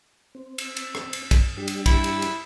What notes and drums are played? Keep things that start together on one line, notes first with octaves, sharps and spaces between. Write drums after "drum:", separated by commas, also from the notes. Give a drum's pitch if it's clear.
C4
drum: cymbal
drum: cymbal
drum: rim click
drum: cymbal
drum: kick, cymbal
G3 D4 G4
drum: cymbal
E4, drum: kick, cymbal
drum: cymbal
drum: cymbal